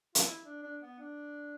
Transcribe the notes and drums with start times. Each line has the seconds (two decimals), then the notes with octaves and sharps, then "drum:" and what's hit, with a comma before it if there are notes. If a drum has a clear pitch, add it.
0.15 F4, drum: hi-hat
0.26 E4
0.45 D4
0.63 D4
0.81 B3
0.99 D4